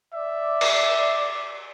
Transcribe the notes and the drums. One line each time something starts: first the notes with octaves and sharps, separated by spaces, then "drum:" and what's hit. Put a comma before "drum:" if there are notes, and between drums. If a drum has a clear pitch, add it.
D5 E5
drum: cymbal